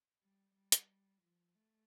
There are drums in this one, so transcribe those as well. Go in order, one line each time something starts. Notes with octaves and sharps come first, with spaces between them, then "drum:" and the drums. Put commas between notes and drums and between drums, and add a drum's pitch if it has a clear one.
G3
G3
drum: hi-hat
F3
A3